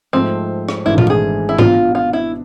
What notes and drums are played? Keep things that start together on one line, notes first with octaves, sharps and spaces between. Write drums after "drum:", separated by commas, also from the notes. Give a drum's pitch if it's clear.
G#2 F3 A3 C4
drum: rim click
G#1 G#2 E3 A3 D4 E4
F4, drum: tom A#2
G#4
E4
B2 B3 D4 F4, drum: tom G#2
F4
E4